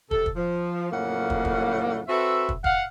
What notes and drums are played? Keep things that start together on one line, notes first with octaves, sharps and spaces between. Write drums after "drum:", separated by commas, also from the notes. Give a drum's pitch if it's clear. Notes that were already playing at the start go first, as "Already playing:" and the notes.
C3 A4, drum: kick
drum: kick
F3
F2 A2 C#3 F#3 A#3 F#5
drum: kick
drum: kick
C4 F#4 A4 B4 E5
drum: kick
F5 F#5, drum: kick